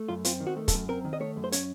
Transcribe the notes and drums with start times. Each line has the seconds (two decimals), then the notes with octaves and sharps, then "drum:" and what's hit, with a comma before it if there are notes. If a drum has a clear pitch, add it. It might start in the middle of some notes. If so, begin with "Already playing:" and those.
Already playing: A3
0.08 F#2 F4
0.25 C4 F4, drum: hi-hat
0.40 D#3
0.47 F#4
0.57 A3
0.68 A4, drum: kick, hi-hat
0.73 F#2
0.89 C4 A#4
1.05 D#3
1.13 D#5
1.20 A3 C#5
1.36 F#2
1.44 C5
1.52 C#4 C#5, drum: hi-hat